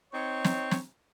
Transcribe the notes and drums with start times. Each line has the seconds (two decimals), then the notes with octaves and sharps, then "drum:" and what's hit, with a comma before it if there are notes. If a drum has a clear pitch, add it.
0.13 C4 D#4 C#5
0.44 drum: snare
0.71 drum: snare